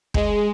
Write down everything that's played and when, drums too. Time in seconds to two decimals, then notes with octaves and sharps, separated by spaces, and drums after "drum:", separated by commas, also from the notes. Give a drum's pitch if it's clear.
0.14 G#3, drum: kick